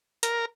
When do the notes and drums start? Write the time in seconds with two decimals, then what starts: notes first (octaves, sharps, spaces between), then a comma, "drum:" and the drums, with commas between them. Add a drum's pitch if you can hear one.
0.23 A#4, drum: hi-hat